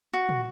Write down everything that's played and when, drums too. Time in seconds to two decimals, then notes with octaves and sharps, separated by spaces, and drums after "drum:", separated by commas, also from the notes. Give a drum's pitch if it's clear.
0.13 F#4
0.29 drum: tom